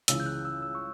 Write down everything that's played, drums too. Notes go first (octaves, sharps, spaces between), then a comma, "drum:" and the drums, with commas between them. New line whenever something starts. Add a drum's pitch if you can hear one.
C#2 C#3 E3 E6, drum: hi-hat
G6
F#6
E6
E6
C#6